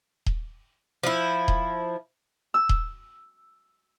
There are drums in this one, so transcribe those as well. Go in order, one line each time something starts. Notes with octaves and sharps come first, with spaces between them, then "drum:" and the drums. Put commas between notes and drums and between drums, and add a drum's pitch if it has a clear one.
drum: kick D#1
F3 E4
drum: kick D#1
E6
drum: kick D#1